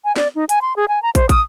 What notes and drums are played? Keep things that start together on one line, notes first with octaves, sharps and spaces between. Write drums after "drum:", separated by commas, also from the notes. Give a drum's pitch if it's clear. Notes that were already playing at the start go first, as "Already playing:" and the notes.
G#5
D5, drum: snare
D#4
G#5, drum: hi-hat
C6
G#4
G#5
A#5
C5, drum: kick, hi-hat
D#6, drum: kick, hi-hat